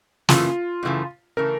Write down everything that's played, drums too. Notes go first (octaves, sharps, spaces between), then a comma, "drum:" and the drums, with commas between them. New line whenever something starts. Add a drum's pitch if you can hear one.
F#2 C#3 E3 A3 F4, drum: snare
F#2 C#3 E3 A3
C#3 E3 A3 A#4